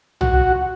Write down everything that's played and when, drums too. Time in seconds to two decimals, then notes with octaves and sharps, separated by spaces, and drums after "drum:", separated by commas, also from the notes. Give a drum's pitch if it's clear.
0.21 F#4, drum: tom